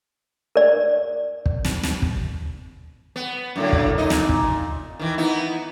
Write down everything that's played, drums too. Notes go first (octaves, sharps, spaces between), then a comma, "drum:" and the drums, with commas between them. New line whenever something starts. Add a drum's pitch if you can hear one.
A#4 D5
drum: kick
drum: snare
drum: snare
drum: kick
B3
F#2 A2 D3
drum: kick
A#2 D#4 D#5
drum: snare
drum: kick
D#3 E3
B3 D#4 E4